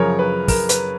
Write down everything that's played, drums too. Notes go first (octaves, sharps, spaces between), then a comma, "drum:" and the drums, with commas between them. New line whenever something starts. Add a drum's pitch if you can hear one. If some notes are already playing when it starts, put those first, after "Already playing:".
Already playing: F#2 C#3 F3 A#4 C#5
B4
A#4, drum: kick, open hi-hat
B4, drum: hi-hat